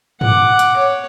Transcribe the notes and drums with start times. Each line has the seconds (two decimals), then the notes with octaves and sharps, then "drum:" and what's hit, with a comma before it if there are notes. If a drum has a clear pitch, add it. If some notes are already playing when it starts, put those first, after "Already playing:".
0.21 F#5 D6, drum: tom G2
0.59 drum: hi-hat
0.77 C#5